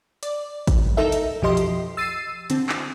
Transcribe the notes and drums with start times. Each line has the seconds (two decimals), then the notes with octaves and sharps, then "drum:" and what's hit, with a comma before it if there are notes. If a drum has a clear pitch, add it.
0.23 D5, drum: hi-hat
0.67 drum: kick, hi-hat
0.97 D#4 A4 A#4 E5
1.12 drum: hi-hat
1.42 B1 F2 F3 G4 D#5 C6
1.57 drum: hi-hat
1.97 E6 A6 C7 D#7
2.50 D3 C4, drum: hi-hat
2.69 drum: clap